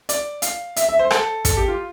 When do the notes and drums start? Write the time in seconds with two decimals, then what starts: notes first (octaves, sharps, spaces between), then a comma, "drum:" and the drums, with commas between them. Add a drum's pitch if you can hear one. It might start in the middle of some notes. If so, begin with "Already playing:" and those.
0.09 D5, drum: hi-hat
0.42 F5, drum: hi-hat
0.76 E5, drum: hi-hat
0.89 E5
0.99 C5
1.11 A4, drum: rim click
1.45 A4, drum: kick, hi-hat
1.57 G4
1.68 F4